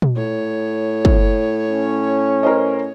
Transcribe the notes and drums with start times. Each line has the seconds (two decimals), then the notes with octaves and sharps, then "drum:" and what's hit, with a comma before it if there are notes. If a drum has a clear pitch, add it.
0.02 drum: tom A#2
0.16 A2 C#5
1.05 drum: kick
1.70 C#4
2.43 A#4 C5 D#5